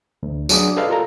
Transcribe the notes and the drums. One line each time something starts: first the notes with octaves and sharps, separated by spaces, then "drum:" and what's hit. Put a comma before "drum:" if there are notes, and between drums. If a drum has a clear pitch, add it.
D2
F#3 D4 G#4 D6 D#6, drum: tambourine
G4 A4 B4 D5 D#5 F5
F4 A4 A#4 A#5